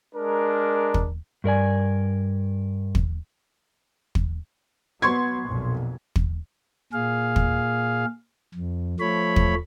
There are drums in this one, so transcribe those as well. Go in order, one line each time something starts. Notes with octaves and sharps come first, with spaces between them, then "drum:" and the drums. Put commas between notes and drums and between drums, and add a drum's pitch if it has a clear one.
G#3 D4 A#4
drum: kick
G2 A#4 D5 G#5
drum: kick
drum: kick
F#3 B3 C6 C#6 G#6
B1 F2 A#2
drum: kick
A#2 G#4 F5
drum: kick
F2
F3 A3 C#5 B5
drum: kick